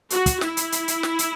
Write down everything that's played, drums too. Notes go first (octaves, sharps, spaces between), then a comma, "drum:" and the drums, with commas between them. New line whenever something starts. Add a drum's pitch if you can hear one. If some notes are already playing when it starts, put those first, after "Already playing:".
F#4, drum: hi-hat
drum: kick, hi-hat
E4, drum: snare
drum: hi-hat
drum: hi-hat
drum: hi-hat
drum: snare
drum: hi-hat